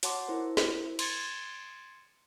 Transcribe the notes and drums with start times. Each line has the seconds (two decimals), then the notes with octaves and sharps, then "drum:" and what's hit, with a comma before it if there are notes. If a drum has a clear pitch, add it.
0.03 F#4 C#5 F#5 A5 C6 D6, drum: hi-hat
0.28 E4 A#4 C5
0.57 drum: snare
0.99 C6 G#6 A6 C#7, drum: cymbal